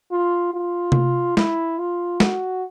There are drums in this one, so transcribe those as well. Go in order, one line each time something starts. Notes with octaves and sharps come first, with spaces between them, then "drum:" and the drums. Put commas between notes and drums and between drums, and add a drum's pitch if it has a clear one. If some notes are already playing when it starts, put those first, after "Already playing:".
F4
F4
drum: tom C3
E4, drum: snare G#3
F4
F#4, drum: snare G#3